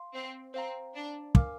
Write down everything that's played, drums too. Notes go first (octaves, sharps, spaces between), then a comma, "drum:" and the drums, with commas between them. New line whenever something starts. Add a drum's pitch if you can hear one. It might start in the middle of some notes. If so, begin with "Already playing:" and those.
Already playing: F5 C6
C4
C4 C5 F5 A#5
D4
A#4 F5 G#5 D6 F6, drum: kick